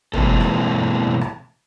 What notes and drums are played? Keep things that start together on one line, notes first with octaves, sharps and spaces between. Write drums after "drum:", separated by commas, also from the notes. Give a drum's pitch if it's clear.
B2 E3 G#3 A#3 C4 A4, drum: tom
drum: rim click
drum: rim click